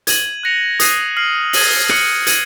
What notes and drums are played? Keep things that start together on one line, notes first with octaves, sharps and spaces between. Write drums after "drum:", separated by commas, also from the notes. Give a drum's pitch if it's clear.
G#6 D#7 F#7, drum: hi-hat
F#6 A#6 C#7 F7
D#6 F#6 C7 D#7, drum: hi-hat
F6 C7 F#7
G#6 D#7 F#7, drum: open hi-hat
F#6 C#7 F#7, drum: rim click
G#6 D#7 F#7, drum: hi-hat